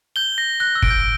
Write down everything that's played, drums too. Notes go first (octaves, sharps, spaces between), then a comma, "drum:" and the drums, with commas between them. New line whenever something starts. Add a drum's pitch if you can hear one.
G6 G7
A#6
F#6 A#6
E6
D7, drum: kick
G6